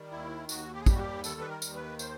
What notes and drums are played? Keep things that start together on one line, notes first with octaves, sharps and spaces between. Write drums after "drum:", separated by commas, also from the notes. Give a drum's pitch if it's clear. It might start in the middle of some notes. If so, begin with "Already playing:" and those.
Already playing: D#3 G3
D#2 E4
D#2 F#4, drum: tambourine
G4
G#4
G3 G4, drum: kick, tambourine
F#4
G4
D#3 A4, drum: tambourine
B4
A#4
D#2, drum: tambourine
B4
C5, drum: tambourine